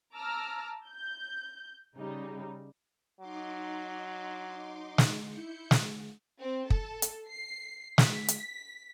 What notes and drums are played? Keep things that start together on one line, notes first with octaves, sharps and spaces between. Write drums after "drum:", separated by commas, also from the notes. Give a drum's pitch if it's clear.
A5 A#5 D6 E6 F6 A#6
G6
C#3 G3 D#4
F#3 D#4 C6 D6
drum: snare
E4 G6 C#7
drum: snare
C4
A4, drum: kick
drum: hi-hat
C7
B6, drum: snare
drum: hi-hat